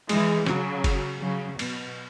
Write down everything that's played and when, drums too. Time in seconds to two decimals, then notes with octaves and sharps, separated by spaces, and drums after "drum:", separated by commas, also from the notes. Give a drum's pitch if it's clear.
0.09 E3 G#3, drum: cymbal
0.47 C#3 F#3, drum: snare
0.84 drum: kick F#1, cymbal
1.21 C#3 F#3
1.59 B2, drum: cymbal